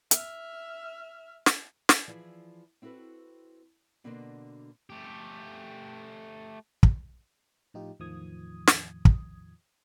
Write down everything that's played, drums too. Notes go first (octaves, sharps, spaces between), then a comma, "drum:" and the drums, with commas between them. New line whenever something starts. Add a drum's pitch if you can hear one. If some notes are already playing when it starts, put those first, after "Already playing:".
E5 F6, drum: hi-hat
drum: snare
drum: snare
E3 F3 E4 G#4 D5 E5
C4 E4 F#4 A4 B4
B2 D3 A#3 D4 F#4 C5
A3 G4
drum: kick
A2 F3 D#4 F4 G4
E2 A2 D#3 F3 D#6 G#6
drum: snare
drum: kick